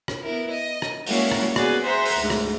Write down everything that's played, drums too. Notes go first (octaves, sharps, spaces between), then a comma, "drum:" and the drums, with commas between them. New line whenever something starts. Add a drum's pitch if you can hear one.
drum: rim click
B3 E4 A#4
D#5
drum: rim click
G3 G#3 A#3 C#4 E4 F#4, drum: open hi-hat
drum: rim click
B3 F#4 G#4 D5, drum: rim click
G#4 C5 E5 F#5 A#5 C6
drum: open hi-hat
D2 G#2
drum: rim click